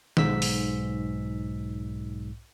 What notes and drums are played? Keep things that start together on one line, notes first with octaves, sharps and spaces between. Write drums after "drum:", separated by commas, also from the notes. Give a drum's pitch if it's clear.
B1 G#2 E6 B6, drum: tom
drum: open hi-hat